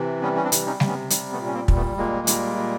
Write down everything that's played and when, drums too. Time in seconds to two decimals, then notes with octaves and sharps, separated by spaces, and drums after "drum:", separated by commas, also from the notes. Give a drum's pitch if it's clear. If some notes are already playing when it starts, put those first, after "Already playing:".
Already playing: C3 E3
0.22 G3 B3 C#4
0.36 C#4
0.44 C4 D4
0.52 C3, drum: hi-hat
0.66 C#4 D#4
0.80 C3, drum: snare G3
0.87 B3 C#4
1.10 G3, drum: hi-hat
1.32 A3 B3
1.39 A#2
1.46 C#4
1.53 A#3 C4
1.68 G3, drum: kick
1.75 A3 B3
1.98 A#2 G#3 A#3
2.27 G3, drum: hi-hat
2.57 A#2